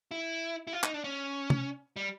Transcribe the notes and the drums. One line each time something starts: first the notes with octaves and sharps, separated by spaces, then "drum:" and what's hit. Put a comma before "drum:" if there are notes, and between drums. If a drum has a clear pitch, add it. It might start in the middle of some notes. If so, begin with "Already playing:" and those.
E4
E4
F4
D#4, drum: clap
D4
C#4
drum: tom
G3